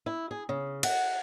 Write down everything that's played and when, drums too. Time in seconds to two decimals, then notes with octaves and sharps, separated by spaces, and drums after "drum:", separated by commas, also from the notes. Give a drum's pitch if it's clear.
0.06 E4
0.31 G#4
0.49 C#3
0.83 F#5, drum: cymbal